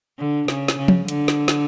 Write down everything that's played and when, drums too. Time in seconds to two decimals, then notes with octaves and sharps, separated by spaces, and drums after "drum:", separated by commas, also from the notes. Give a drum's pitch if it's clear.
0.19 D3
0.48 C#3, drum: snare
0.68 drum: snare
0.78 C#3
0.88 drum: tom
1.08 D3, drum: hi-hat
1.28 drum: snare
1.48 drum: snare